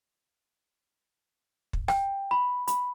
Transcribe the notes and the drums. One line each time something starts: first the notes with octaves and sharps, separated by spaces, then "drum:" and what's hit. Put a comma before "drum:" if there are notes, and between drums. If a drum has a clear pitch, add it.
drum: kick
G5, drum: rim click
B5
B5, drum: hi-hat